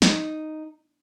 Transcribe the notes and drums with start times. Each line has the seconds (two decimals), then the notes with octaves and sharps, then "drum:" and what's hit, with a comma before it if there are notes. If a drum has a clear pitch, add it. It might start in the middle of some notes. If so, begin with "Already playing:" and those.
0.02 D#4, drum: snare